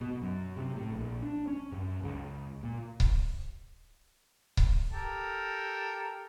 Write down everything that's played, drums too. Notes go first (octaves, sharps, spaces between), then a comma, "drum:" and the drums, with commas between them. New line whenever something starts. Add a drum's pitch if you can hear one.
B2
F#2
C3
A2
A#1
D4
C#4
F#2
C#2
A#2
drum: kick C#1
drum: kick C#1
G4 A4 A#4